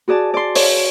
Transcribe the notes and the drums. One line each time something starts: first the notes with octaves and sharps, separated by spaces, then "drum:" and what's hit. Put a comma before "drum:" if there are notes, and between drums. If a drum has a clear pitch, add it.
F#4 G#4 D5 A5
D5 C6
C#5, drum: open hi-hat